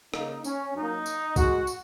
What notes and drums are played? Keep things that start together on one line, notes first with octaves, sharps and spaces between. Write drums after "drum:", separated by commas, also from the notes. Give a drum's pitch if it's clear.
C#3 A#3 D#4, drum: rim click
C#4, drum: tambourine
F#2 F#3 A#3 D#4
drum: tambourine
G#2 G#3 F#4, drum: kick B1, tambourine
drum: tambourine